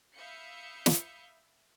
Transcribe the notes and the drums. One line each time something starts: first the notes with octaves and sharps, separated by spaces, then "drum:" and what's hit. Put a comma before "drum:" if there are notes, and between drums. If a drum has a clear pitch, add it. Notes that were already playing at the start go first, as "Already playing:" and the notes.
E5 F5 B5 D#6 G6 C#7
drum: snare